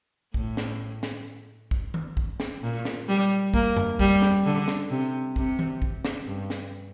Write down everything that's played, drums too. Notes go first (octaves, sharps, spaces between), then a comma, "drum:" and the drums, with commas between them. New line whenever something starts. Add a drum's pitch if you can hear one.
A2, drum: kick
drum: snare
drum: snare
drum: kick
drum: tom D#3
drum: kick
drum: snare
A#2
drum: snare
G3
A#3, drum: kick
drum: tom F2
G3, drum: kick
drum: snare
D3
drum: snare
C3
C3, drum: kick
drum: tom D#3
drum: kick
drum: snare
G2
drum: snare